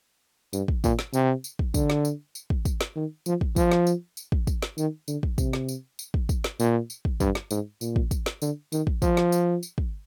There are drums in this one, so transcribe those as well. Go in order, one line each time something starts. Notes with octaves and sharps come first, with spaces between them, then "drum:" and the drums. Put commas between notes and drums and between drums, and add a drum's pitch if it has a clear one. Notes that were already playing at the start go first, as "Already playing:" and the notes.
G2, drum: tambourine
drum: kick
A#2, drum: kick, tambourine
drum: snare
C3, drum: tambourine
drum: tambourine
drum: kick
D3, drum: kick, tambourine
drum: snare
drum: tambourine
drum: tambourine
drum: kick
drum: kick, tambourine
drum: snare
D#3
F3, drum: tambourine
drum: kick
F3, drum: kick, tambourine
drum: snare
drum: tambourine
drum: tambourine
drum: kick
drum: kick, tambourine
drum: snare
D#3, drum: tambourine
D3, drum: tambourine
drum: kick
C3, drum: kick, tambourine
drum: snare
drum: tambourine
drum: tambourine
drum: kick
drum: kick, tambourine
drum: snare
A#2, drum: tambourine
drum: tambourine
drum: kick
G2, drum: kick, tambourine
drum: snare
G#2, drum: tambourine
A#2, drum: tambourine
drum: kick
drum: kick, tambourine
drum: snare
D3, drum: tambourine
D#3, drum: tambourine
drum: kick
F3, drum: kick, tambourine
drum: snare
drum: tambourine
drum: tambourine
drum: kick